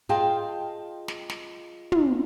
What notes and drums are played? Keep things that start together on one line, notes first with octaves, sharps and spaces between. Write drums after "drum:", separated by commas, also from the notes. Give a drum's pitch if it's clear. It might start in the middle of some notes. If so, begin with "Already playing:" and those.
F4 G#4 D#5 F5 G5 A5
drum: snare
drum: snare
drum: tom